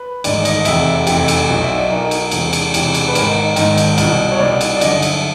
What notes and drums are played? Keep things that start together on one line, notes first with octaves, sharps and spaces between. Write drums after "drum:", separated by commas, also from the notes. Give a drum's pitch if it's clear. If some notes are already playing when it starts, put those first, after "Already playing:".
Already playing: B4
A1 G#2 D#3 D5, drum: cymbal
D#5, drum: cymbal
F1 E2 C3 E5, drum: cymbal
F1 E2 C3, drum: cymbal
drum: cymbal
B1 B2
E5
D5
B1 B2 A#4
drum: cymbal
E1 E2 C3 E3, drum: cymbal
drum: cymbal
E1 E2 C3 E3, drum: cymbal
drum: cymbal
B4
G#1 G#2 D#3 A#4, drum: cymbal
G#1 G#2 D#3, drum: cymbal
drum: cymbal
C2 B2, drum: cymbal
C#5
C2 B2 D5
drum: cymbal
D5
G1 F#2 D3 D#5, drum: cymbal
E5, drum: cymbal